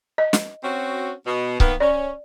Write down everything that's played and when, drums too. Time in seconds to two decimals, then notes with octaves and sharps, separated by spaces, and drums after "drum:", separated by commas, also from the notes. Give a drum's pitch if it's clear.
0.18 D#5
0.33 drum: snare
0.63 C4 C#4 F#4
1.25 B2
1.60 D#3 A#3 B3, drum: kick C#1
1.80 C#4 D5